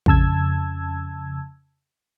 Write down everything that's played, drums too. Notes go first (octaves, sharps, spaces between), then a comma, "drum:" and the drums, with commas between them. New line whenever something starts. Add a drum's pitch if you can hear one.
F2 C#3 A5 E6 G#6, drum: kick